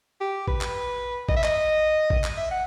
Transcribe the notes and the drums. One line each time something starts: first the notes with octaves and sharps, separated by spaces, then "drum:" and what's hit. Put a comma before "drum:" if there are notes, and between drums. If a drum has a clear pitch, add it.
G4
B4, drum: kick A1
drum: clap
D#5, drum: kick A1
E5
D#5, drum: clap
drum: kick A1
drum: clap
E5
F#5